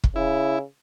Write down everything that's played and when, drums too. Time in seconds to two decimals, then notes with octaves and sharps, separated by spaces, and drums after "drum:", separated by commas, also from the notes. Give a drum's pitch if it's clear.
0.04 drum: kick
0.16 C#3 E4